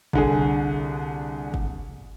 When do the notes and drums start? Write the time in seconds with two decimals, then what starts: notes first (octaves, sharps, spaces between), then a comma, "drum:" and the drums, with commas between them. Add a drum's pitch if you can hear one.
0.13 C2 D3 G#4, drum: kick
1.54 drum: kick